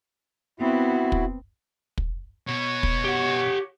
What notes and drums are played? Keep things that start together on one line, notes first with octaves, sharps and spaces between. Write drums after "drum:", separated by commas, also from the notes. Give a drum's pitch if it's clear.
B3 C4 E4 F#4
drum: kick
drum: kick
B2 C#5
drum: kick
G4 F#5